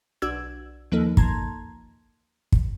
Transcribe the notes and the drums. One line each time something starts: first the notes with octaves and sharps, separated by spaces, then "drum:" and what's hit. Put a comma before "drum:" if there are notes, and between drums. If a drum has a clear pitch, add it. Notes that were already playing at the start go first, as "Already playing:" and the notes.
B1 D4 F#4 D5 E6 G#6
D#2 F3 A#3 D#4 A4
A5 A#5 C6 G#6, drum: kick
drum: kick